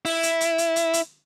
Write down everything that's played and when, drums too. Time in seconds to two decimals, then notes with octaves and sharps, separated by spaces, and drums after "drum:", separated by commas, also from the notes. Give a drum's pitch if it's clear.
0.05 E4, drum: open hi-hat
0.23 drum: hi-hat
0.41 drum: hi-hat
0.58 drum: hi-hat
0.76 drum: hi-hat
0.93 drum: hi-hat